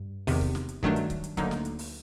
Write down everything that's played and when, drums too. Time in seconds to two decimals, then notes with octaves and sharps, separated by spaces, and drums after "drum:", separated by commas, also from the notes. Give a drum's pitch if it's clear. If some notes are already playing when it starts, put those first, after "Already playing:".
Already playing: G2
0.27 E2 C3 D#3, drum: open hi-hat
0.41 drum: kick C#1
0.55 drum: snare
0.69 drum: hi-hat
0.83 G2 D#3 F#3 A3 D4, drum: kick C#1
0.96 drum: hi-hat
1.10 drum: kick C#1, hi-hat
1.24 drum: hi-hat
1.37 D2 D3 F#3 A#3 D#4, drum: kick C#1, hi-hat
1.51 drum: snare
1.65 drum: hi-hat
1.79 drum: open hi-hat